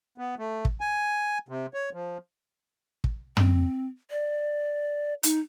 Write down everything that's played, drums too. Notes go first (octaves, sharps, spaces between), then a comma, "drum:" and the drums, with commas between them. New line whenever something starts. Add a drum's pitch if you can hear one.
B3
A3
drum: kick
G#5
C3
C#5
F3
drum: kick
C4, drum: tom
D5
D#4, drum: hi-hat